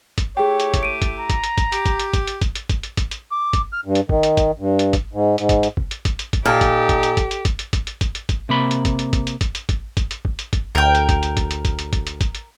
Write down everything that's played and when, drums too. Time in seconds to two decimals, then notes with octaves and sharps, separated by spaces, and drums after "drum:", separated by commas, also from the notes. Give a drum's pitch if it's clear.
0.18 drum: kick, hi-hat
0.37 A3 E4 G4 G#4 C#5 G5
0.60 drum: hi-hat
0.74 drum: kick, hi-hat
0.83 D7 D#7
1.02 drum: kick, hi-hat
1.19 A#5
1.30 drum: kick, hi-hat
1.44 drum: hi-hat
1.58 drum: kick, hi-hat
1.72 G4, drum: hi-hat
1.86 drum: kick, hi-hat
1.99 drum: hi-hat
2.13 drum: kick, hi-hat
2.27 drum: hi-hat
2.41 drum: kick, hi-hat
2.55 drum: hi-hat
2.69 drum: kick, hi-hat
2.83 drum: hi-hat
2.97 drum: kick, hi-hat
3.11 drum: hi-hat
3.32 D6
3.53 drum: kick, hi-hat
3.73 F6
3.86 G2
3.95 drum: hi-hat
4.09 D#3, drum: kick
4.23 drum: hi-hat
4.37 drum: kick, hi-hat
4.59 G2
4.79 drum: hi-hat
4.93 drum: kick, hi-hat
5.13 G#2
5.38 G#2, drum: hi-hat
5.49 drum: kick, hi-hat
5.63 drum: hi-hat
5.77 drum: kick
5.91 drum: hi-hat
6.05 drum: kick, hi-hat
6.19 drum: hi-hat
6.33 drum: kick, hi-hat
6.45 A#2 D#4 G4 A4
6.61 drum: kick, hi-hat
6.89 drum: kick, hi-hat
7.03 drum: hi-hat
7.17 drum: kick, hi-hat
7.31 drum: hi-hat
7.45 drum: kick, hi-hat
7.59 drum: hi-hat
7.73 drum: kick, hi-hat
7.87 drum: hi-hat
8.01 drum: kick, hi-hat
8.15 drum: hi-hat
8.29 drum: kick, hi-hat
8.49 C3 A#3 B5
8.71 drum: hi-hat
8.85 drum: kick, hi-hat
8.99 drum: hi-hat
9.13 drum: kick, hi-hat
9.27 drum: hi-hat
9.41 drum: kick, hi-hat
9.55 drum: hi-hat
9.69 drum: kick, hi-hat
9.97 drum: kick, hi-hat
10.11 drum: hi-hat
10.25 drum: kick
10.39 drum: hi-hat
10.53 drum: kick, hi-hat
10.75 D2 A#4 G5
10.95 drum: hi-hat
11.09 drum: kick, hi-hat
11.23 drum: hi-hat
11.37 drum: kick, hi-hat
11.51 drum: hi-hat
11.65 drum: kick, hi-hat
11.79 drum: hi-hat
11.93 drum: kick, hi-hat
12.07 drum: hi-hat
12.21 drum: kick, hi-hat
12.35 drum: hi-hat